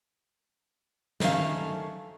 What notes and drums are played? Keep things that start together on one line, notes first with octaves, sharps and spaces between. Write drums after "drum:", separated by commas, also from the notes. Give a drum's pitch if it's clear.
A2 D#3 A3 C#4 F5, drum: snare